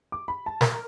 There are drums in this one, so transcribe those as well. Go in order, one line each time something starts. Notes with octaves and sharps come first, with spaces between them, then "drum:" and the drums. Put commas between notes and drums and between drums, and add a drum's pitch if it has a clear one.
D6
B5
A5
A#4, drum: snare